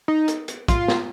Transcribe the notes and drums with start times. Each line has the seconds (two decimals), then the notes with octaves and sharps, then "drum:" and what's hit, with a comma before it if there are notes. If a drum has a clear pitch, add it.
0.08 D#4
0.28 drum: hi-hat
0.48 drum: hi-hat
0.68 F4, drum: kick, hi-hat
0.88 drum: snare